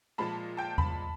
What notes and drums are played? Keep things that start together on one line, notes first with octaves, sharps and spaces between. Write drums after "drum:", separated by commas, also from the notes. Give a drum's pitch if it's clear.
A#2 F3 G#3 A5 B5
G5 A5
A5 B5, drum: tom E2